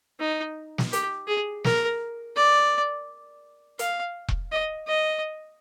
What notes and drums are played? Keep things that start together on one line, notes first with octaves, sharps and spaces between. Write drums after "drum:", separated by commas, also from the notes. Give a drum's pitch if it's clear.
D#4
drum: snare
G4, drum: hi-hat
G#4
A#4, drum: snare
D5
F5, drum: hi-hat
drum: kick E1
D#5
D#5